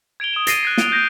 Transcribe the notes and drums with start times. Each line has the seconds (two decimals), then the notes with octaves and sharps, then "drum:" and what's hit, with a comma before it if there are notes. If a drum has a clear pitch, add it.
0.20 G#6 D7 F7 G7
0.33 D#6 E7
0.47 A6 A#6 C7 D7 D#7, drum: hi-hat
0.63 F#6 G#6 C7
0.78 G#6 D7 F7 G7, drum: snare
0.92 G6 A#6 D7 E7